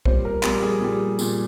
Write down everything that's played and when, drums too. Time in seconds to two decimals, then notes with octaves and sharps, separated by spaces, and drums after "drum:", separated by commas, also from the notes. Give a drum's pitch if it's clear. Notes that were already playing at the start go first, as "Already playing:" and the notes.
0.05 A#2 G3 C5, drum: kick B1
0.25 A#4
0.43 A#2 G3 G4, drum: clap
0.63 G#4
0.81 A#2 G3
1.19 A#2 G3, drum: tambourine